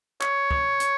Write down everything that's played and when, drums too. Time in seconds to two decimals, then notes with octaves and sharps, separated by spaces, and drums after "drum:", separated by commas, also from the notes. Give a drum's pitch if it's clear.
0.21 C#5, drum: clap
0.51 drum: kick
0.80 drum: hi-hat